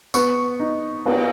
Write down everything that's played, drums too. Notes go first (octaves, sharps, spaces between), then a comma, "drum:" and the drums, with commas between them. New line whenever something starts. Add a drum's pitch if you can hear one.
B3 C#6, drum: tambourine
D#4
B3, drum: cymbal